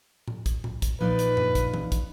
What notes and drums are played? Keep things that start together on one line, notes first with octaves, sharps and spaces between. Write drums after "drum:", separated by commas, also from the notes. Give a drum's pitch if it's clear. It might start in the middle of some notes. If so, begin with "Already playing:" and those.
drum: tom A2
drum: kick, hi-hat
drum: tom A2
drum: kick, hi-hat
A#2 F3 D#4 B4 D5
drum: hi-hat
drum: tom F#2
drum: kick, hi-hat
drum: tom E3
drum: kick, hi-hat